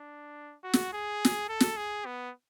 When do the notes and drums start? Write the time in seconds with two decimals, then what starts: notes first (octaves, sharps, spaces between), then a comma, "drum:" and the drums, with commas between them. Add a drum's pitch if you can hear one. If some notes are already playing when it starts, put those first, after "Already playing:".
Already playing: D4
0.64 F#4
0.73 drum: snare
0.93 G#4
1.25 drum: snare
1.49 A4
1.60 drum: snare
1.77 G#4
2.05 B3